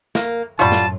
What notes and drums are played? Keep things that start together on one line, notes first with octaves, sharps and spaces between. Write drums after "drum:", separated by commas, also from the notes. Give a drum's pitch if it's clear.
A#3, drum: snare
F#2 A2 F#3 G3 F4 A5
drum: snare